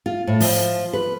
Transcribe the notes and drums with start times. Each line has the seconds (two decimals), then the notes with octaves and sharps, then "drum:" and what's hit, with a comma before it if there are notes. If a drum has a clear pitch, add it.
0.06 F4
0.27 A2
0.40 F3, drum: open hi-hat
0.93 B4